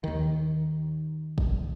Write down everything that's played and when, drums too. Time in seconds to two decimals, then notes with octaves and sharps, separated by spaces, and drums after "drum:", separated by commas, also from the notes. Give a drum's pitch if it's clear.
0.04 D#2 D#3
1.38 drum: kick